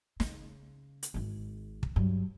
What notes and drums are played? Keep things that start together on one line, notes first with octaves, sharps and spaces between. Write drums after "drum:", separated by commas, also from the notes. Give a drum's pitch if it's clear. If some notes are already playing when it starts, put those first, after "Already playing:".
C#3, drum: snare
drum: hi-hat
G#1 G#3
drum: kick
G2 F#3